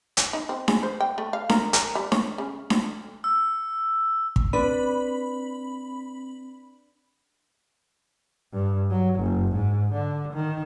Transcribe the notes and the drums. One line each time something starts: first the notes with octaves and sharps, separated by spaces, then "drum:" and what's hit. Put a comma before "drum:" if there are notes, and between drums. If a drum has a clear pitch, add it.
drum: hi-hat
D#4
C4
G#4, drum: snare D4
C5
G5
A3
F5
A#4, drum: snare D4
A#4, drum: hi-hat
G3
C#5, drum: snare D4
C#3
drum: snare D4
E6
drum: kick
C4 D4 B4 B5
G2
F#3
F#1
G#2
D3
D#3